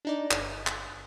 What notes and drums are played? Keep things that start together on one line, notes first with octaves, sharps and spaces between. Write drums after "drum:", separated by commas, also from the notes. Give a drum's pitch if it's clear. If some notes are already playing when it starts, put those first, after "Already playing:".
D4 D#4 D5
G1, drum: clap
drum: clap